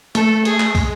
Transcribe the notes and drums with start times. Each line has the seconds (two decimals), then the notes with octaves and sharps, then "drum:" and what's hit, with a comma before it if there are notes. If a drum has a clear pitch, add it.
0.15 A3 A4, drum: hi-hat
0.45 G#4, drum: hi-hat
0.60 drum: clap
0.75 G#3, drum: kick, open hi-hat